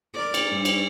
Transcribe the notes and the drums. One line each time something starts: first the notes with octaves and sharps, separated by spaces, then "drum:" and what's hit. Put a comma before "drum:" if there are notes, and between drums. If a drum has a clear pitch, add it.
A#4 D5
drum: cymbal
G2 G3
drum: cymbal